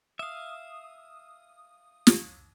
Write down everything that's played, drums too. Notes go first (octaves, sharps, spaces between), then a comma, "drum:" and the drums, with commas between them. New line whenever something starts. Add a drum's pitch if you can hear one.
E5 F5 D#6
drum: snare